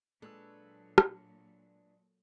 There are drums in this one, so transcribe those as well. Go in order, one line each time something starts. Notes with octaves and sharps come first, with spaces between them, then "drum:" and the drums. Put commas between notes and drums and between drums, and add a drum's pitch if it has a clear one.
A#2 F#3 G#3 D4 A4 B4 C#5 E6
drum: rim click